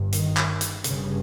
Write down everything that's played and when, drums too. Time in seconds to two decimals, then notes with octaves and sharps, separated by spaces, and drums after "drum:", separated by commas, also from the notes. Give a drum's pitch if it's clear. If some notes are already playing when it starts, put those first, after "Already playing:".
Already playing: G1 G2
0.13 D#3, drum: hi-hat
0.37 drum: clap
0.61 drum: hi-hat
0.84 G1 G2 C#3, drum: hi-hat